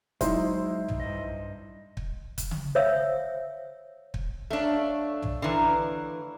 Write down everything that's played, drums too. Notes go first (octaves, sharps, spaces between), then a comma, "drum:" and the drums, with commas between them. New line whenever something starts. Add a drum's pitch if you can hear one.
F#3 G#3 D#4 E4 C5, drum: kick, hi-hat
drum: tom
G2 D#5
drum: kick
drum: kick, hi-hat
drum: tom C#3
C5 C#5 E5 F5 E6
drum: kick
A3 D4 A4 C#5 F5
drum: tom
A2 D3 E3 A#4 B4